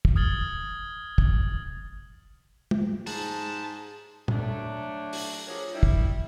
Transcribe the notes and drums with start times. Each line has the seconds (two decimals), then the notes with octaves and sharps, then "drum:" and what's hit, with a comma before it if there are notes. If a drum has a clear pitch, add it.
0.05 drum: kick
0.16 D#6 F6 G#6 A6 F#7 G7
1.18 drum: kick
2.71 drum: tom
3.07 G#2 A5, drum: open hi-hat
4.28 F#3 A3 D4, drum: tom
5.13 drum: open hi-hat
5.47 F3 F#3 G4 G#4 A#4 C#5
5.73 G3 D4 E4
5.83 drum: kick